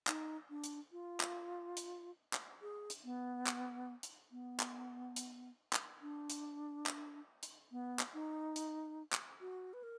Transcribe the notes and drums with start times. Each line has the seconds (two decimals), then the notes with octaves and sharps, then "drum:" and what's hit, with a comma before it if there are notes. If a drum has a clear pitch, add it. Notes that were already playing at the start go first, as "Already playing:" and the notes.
0.07 D#4, drum: clap
0.50 D4
0.64 drum: hi-hat
0.92 F4
1.20 drum: clap
1.77 drum: hi-hat
2.33 drum: clap
2.62 G#4
2.90 drum: hi-hat
3.04 B3
3.47 drum: clap
4.03 drum: hi-hat
4.31 B3
4.60 drum: clap
5.16 drum: hi-hat
5.73 drum: clap
6.02 D4
6.30 drum: hi-hat
6.86 drum: clap
7.43 drum: hi-hat
7.71 B3
7.99 drum: clap
8.14 D#4
8.56 drum: hi-hat
9.13 drum: clap
9.41 F#4
9.73 B4
9.83 A#4